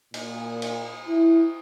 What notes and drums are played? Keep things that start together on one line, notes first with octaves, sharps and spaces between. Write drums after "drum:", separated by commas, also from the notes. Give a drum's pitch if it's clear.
A#2, drum: cymbal
drum: cymbal
E4